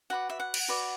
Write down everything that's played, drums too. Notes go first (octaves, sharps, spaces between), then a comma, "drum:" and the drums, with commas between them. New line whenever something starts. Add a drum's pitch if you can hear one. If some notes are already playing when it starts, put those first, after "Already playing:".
F#4 B4 D5 F#5
E5
F#5
drum: cymbal
F#4 B4 D5